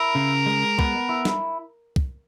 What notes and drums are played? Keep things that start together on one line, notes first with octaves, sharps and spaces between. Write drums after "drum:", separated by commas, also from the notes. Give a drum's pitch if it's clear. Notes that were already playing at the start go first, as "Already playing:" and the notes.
Already playing: E4 A#4
C#3
G#3
B3, drum: kick
E4
drum: snare
drum: kick